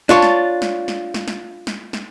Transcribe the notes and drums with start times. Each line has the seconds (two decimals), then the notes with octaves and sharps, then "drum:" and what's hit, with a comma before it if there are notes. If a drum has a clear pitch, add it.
0.09 D4 F4 C#5, drum: snare
0.22 drum: snare
0.62 drum: snare
0.88 drum: snare
1.14 drum: snare
1.28 drum: snare
1.67 drum: snare
1.93 drum: snare